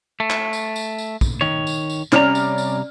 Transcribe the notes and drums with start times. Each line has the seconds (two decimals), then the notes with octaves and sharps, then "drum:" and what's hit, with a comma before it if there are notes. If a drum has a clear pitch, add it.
0.20 A3
0.30 drum: clap
0.53 drum: tambourine
0.76 drum: tambourine
0.98 drum: tambourine
1.21 drum: kick, tambourine
1.41 D#3 C#5
1.67 drum: tambourine
1.90 drum: tambourine
2.12 C3 G3 C#4 D5 A#5 F6, drum: clap
2.35 drum: tambourine
2.58 drum: tambourine